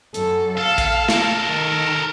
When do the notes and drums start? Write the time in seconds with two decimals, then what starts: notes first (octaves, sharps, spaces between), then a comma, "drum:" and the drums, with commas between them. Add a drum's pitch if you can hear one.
0.14 F#2 A4, drum: hi-hat
0.58 A4 F5
0.78 drum: kick, hi-hat
1.09 A4 A#4, drum: snare
1.46 D#3